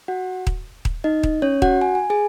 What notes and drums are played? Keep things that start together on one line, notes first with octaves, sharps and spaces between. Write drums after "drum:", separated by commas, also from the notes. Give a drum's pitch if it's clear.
F#4 F#5
drum: kick D#1
drum: kick D#1
D#4 D#5
drum: kick D#1
C#4 C#5
F#4 F#5, drum: kick D#1
G#5
G#5
G#4 G#5